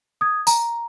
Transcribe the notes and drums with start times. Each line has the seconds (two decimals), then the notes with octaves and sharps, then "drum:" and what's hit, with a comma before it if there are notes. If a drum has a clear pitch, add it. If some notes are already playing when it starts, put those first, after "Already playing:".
0.21 D#6 G#6
0.47 A#5, drum: tambourine